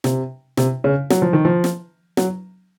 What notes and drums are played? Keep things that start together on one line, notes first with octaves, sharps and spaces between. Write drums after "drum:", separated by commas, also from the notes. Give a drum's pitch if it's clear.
C3, drum: snare
C3, drum: snare
C#3
F#3, drum: snare
F3
D#3
F3
drum: snare
F#3, drum: snare